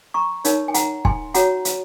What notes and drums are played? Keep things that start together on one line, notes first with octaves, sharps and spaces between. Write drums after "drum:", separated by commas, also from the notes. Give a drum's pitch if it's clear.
A#5 C#6
D#4 A#4 C#5, drum: hi-hat
G#5
F#5 A#5, drum: hi-hat
G#5 C6, drum: kick
F#4 C#5 F#5 A#5, drum: hi-hat
drum: hi-hat